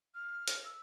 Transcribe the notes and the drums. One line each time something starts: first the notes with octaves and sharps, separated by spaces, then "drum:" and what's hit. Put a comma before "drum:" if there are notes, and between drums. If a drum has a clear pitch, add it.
F6
drum: hi-hat
E6